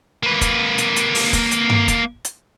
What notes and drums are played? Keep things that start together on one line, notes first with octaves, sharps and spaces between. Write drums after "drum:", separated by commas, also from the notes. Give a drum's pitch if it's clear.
A#3 B4
drum: kick, hi-hat
drum: hi-hat
drum: hi-hat
drum: open hi-hat
drum: kick, hi-hat
drum: hi-hat
drum: tom G2
drum: kick, hi-hat
drum: hi-hat